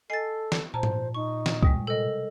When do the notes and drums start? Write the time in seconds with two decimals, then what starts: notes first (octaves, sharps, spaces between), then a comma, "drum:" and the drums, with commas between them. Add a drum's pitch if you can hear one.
0.10 A4 D#5 G#5 A6 C7
0.52 drum: snare
0.74 A#2 C5 A5 A#5
0.83 drum: tom G#2
1.14 D#4 C#6
1.46 drum: snare
1.63 B2 G3 G#3, drum: kick
1.87 C3 A4 A#4 D#5